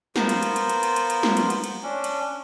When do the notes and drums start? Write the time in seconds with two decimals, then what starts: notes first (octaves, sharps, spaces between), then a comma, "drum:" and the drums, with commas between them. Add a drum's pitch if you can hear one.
0.16 B3 F4 A#4 C5, drum: snare G3
0.29 drum: cymbal
0.43 drum: cymbal
0.56 drum: cymbal
0.69 drum: cymbal
0.83 drum: cymbal
0.96 drum: cymbal
1.10 drum: cymbal
1.23 drum: snare G3
1.37 drum: cymbal
1.50 drum: cymbal
1.64 drum: cymbal
1.83 C#4 D4
2.04 drum: cymbal